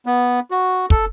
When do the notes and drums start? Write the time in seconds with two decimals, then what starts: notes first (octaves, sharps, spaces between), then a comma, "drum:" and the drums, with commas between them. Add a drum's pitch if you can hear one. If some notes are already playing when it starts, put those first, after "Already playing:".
0.06 B3
0.51 F#4
0.90 A4, drum: kick